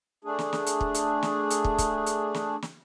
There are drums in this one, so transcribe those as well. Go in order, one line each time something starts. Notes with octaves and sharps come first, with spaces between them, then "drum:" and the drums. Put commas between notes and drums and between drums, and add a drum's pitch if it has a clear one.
A3 D4 G#4
drum: snare
drum: snare
drum: hi-hat
drum: kick
drum: hi-hat
drum: snare
drum: hi-hat
drum: kick
drum: kick, hi-hat
drum: hi-hat
drum: snare
drum: snare